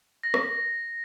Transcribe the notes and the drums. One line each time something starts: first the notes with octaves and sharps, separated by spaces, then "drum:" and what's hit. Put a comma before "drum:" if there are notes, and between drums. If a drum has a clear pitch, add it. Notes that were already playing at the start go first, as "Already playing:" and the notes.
A#6
drum: rim click